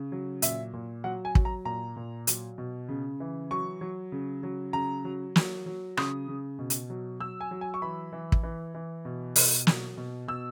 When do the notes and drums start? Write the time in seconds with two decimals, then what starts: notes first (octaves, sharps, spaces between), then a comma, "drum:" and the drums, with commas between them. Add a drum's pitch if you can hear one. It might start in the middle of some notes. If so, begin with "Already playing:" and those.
Already playing: C#3
0.12 F#3
0.42 A#2 E5, drum: hi-hat
0.74 A#2
1.04 F#3 F#5
1.25 G#5
1.35 F#3, drum: kick
1.45 A#5
1.65 A#2 A#5
1.96 A#2
2.27 F#3, drum: hi-hat
2.58 B2
2.89 C#3
3.20 E3
3.51 F#3 C#6
3.81 F#3
4.12 C#3
4.43 F#3
4.73 C#3 A#5
5.05 F#3
5.36 F#3, drum: snare
5.66 F#3
5.97 C#3 D#6, drum: rim click
6.28 C#3
6.59 B2
6.70 drum: hi-hat
6.90 F#3
7.20 F#3 E6
7.41 G#5
7.51 F#3
7.61 G#5
7.74 C#6
7.82 E3 B5
8.12 E3
8.32 drum: kick
8.43 E3
8.74 E3
9.05 B2
9.36 B2, drum: open hi-hat
9.67 F#3, drum: snare
9.97 B2
10.28 B2 E6